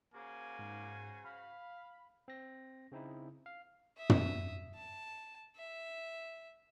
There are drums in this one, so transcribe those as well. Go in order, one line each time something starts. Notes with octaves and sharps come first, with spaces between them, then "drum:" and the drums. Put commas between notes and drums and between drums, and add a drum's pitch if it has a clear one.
C#3 A#3 F#4 C5 G#5
G#2
F5 B5
C4 A#6
C#3 C4 D#4 E4
F5
E5 D#6
drum: tom
A5
E5